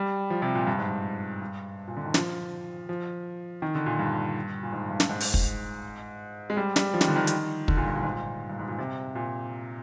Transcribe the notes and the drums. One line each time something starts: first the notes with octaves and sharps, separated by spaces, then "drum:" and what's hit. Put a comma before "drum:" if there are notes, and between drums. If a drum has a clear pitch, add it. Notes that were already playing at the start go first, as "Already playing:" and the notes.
Already playing: G3
F3
C3
A#2
G2
G#2
G2
G2
A#2
D3
D#3
F3, drum: snare
F3
D#3
D3
A#2
G2
A#2
G#2
G2
drum: snare
G#2
drum: open hi-hat
drum: kick
G#3
G3
G3, drum: snare
F3
D#3, drum: snare
D3
D#3
drum: hi-hat
D3, drum: kick
A#2
G2
A#2
G#2
A#2
G2
G#2
A#2
C3
A#2